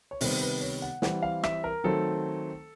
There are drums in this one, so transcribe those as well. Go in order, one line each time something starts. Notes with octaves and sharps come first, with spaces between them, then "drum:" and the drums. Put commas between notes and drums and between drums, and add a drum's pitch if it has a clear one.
C#5
C3 D#3 G3 B3 C5, drum: open hi-hat
B4
C#5
F#5
E3 G3 C4 F#5, drum: snare
F5
E5, drum: rim click
A#4
D#3 F#3 A3 C4 A4